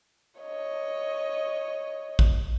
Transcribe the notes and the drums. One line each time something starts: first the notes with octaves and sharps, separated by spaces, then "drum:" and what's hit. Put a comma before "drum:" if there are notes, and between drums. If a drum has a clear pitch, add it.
C#5 D#5
drum: kick A1